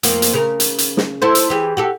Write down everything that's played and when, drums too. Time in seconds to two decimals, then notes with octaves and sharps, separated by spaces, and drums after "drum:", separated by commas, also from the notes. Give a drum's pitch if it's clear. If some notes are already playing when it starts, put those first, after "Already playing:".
0.03 F2 A#3, drum: hi-hat
0.22 drum: hi-hat
0.33 C#3 A#4
0.60 drum: hi-hat
0.78 drum: hi-hat
0.97 drum: snare
1.22 E4 A4 C5
1.35 drum: hi-hat
1.50 E3 G4 G#4
1.77 F#4 G4 A4